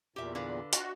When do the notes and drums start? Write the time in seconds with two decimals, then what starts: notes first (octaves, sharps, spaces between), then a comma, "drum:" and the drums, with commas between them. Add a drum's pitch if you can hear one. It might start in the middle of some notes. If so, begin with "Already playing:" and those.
0.16 E2 A#2 G4 E5
0.35 D3 B4 F5
0.73 F4 F#4, drum: hi-hat